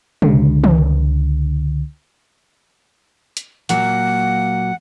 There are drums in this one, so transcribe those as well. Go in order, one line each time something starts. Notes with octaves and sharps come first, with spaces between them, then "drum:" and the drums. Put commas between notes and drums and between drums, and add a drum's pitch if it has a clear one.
C#2 D3, drum: tom B2
drum: tom
drum: hi-hat
A#2 F#3 A#3 F#5, drum: hi-hat